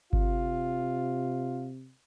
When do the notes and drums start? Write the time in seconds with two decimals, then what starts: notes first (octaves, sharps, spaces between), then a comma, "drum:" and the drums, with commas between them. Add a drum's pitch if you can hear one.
0.13 C3 F4, drum: kick G1